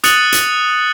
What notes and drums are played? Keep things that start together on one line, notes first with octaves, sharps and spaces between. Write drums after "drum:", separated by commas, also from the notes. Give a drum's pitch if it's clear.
D#6 F#6 A6 C#7 D#7 F#7, drum: hi-hat
drum: hi-hat